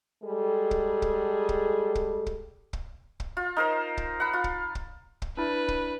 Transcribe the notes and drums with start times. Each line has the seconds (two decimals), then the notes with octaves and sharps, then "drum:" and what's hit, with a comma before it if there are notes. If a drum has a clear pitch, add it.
0.23 G3 G#3 G#4 A4
0.71 drum: kick
1.02 drum: kick
1.49 drum: kick
1.95 drum: kick
2.26 drum: kick
2.73 drum: kick
3.20 drum: kick
3.37 F4
3.57 D#4 A#4 C5
3.97 drum: kick
4.20 F#5 B5
4.33 F4
4.44 drum: kick
4.75 drum: kick
5.22 drum: kick
5.37 D4 E4 B4
5.68 drum: kick